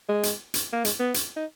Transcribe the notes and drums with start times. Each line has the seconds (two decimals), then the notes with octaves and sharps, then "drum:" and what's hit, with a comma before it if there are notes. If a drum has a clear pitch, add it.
0.09 G#3
0.23 drum: hi-hat
0.54 drum: hi-hat
0.73 A#3
0.85 G#3, drum: hi-hat
0.99 B3
1.14 drum: hi-hat
1.36 D#4